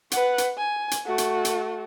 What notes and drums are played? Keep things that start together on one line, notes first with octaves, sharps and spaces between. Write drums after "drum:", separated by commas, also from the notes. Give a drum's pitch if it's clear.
B4 F#5, drum: hi-hat
drum: hi-hat
G#5
drum: hi-hat
A3 F#4
drum: hi-hat
drum: hi-hat